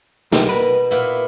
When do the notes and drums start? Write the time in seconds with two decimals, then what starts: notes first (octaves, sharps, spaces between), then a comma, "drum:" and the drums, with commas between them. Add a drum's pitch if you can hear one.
0.32 C2 B2 A#3 G4, drum: snare
0.47 A#4 B4
0.91 A#2 B3 E4